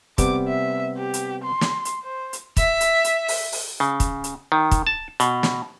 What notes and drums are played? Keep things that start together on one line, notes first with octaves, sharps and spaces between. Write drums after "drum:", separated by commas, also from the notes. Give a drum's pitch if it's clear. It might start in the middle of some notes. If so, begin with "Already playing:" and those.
C3 G3 B3 D6, drum: kick, hi-hat
E5
G4
drum: hi-hat
C6
drum: snare
drum: hi-hat
C5
drum: hi-hat
E5, drum: kick, hi-hat
drum: hi-hat
drum: hi-hat
drum: open hi-hat
drum: open hi-hat
C#3
drum: kick, hi-hat
drum: hi-hat
D#3
drum: kick, hi-hat
A5
B2, drum: hi-hat
drum: snare